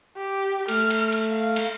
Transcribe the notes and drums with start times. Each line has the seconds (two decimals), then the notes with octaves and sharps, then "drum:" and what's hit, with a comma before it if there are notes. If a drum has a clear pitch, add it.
0.17 G4
0.68 A3 F6, drum: cymbal
0.90 drum: cymbal
1.12 drum: cymbal
1.30 F5
1.56 drum: cymbal